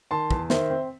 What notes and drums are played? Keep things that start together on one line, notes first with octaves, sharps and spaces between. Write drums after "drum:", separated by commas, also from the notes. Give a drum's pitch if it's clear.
D#3 A5 C6
E2, drum: kick
D#3 C5 E5, drum: snare
C4